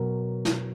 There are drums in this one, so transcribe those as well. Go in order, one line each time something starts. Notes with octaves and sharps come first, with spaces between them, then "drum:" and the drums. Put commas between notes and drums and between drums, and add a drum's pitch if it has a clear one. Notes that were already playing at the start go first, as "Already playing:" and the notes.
Already playing: B2 F#3 A#4
drum: snare